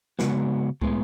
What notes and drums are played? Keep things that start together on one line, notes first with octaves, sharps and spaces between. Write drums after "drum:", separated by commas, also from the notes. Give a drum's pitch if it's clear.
C#3 G#3 B3 F#4, drum: snare
A2 G#3 B3, drum: kick